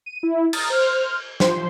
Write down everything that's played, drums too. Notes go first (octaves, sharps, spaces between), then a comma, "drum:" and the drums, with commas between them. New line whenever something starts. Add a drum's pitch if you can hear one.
D#7
E4
A#5 D#6 F6 A6, drum: cymbal
C5 F6
F3 C5 C6, drum: snare